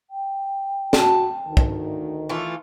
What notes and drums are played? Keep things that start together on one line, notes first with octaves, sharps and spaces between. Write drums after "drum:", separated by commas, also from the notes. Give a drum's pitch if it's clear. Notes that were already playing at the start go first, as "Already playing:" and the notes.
G5
F#4 A5, drum: snare
D2 D#3
drum: kick
E3 A3 F4